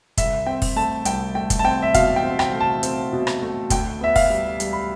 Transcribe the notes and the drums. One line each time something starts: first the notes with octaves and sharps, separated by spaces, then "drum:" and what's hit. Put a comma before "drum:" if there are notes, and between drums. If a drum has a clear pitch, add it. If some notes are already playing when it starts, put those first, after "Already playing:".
C2 E5, drum: kick, hi-hat
C4 G5
drum: kick, open hi-hat
A3 A5
C2 G5, drum: hi-hat
A3 G5
drum: kick, hi-hat
A5
C4 G5
E5
B2 F5, drum: kick, hi-hat
G5
C4
G5, drum: rim click
A3
A5
C4, drum: hi-hat
B2
drum: rim click
A3
D2 G5, drum: kick, hi-hat
B3 E5
F5, drum: kick, open hi-hat
G3
G3, drum: hi-hat
B5